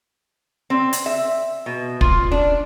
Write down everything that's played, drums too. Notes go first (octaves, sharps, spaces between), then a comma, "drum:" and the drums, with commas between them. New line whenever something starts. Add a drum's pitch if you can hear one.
C4
drum: hi-hat
E5
B2
F4, drum: kick
D4